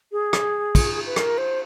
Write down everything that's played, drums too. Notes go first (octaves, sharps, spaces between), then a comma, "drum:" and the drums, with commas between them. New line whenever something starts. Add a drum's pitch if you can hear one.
G#4
drum: rim click
drum: kick, cymbal
B4
A#4, drum: rim click
C5